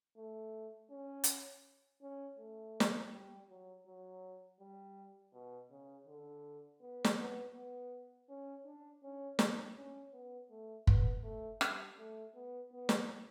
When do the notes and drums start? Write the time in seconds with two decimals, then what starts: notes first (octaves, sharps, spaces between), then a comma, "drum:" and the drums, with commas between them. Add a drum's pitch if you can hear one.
0.17 A3
0.90 C#4
1.24 drum: hi-hat
2.01 C#4
2.38 A3
2.80 drum: snare
3.13 G3
3.49 F#3
3.86 F#3
4.60 G3
5.33 B2
5.71 C#3
6.07 D3
6.81 B3
7.04 drum: snare
7.18 B3
7.54 B3
8.29 C#4
8.65 D4
9.03 C#4
9.39 D4, drum: snare
9.77 C#4
10.12 B3
10.50 A3
10.87 B3, drum: kick
11.23 A3
11.61 G3, drum: rim click
11.98 A3
12.35 B3
12.72 B3
12.89 drum: snare